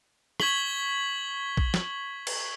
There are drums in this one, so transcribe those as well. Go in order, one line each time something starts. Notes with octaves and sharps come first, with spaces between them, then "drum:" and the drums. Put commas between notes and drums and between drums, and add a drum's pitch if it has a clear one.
C#6 G#6 B6 F#7 G7, drum: rim click
drum: kick A#1
drum: snare
drum: cymbal